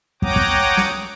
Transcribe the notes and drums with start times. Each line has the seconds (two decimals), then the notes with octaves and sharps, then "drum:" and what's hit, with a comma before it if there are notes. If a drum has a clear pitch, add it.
0.22 C#5 F#5 G5 A#5 D6 D#6, drum: kick
0.36 drum: kick
0.77 drum: snare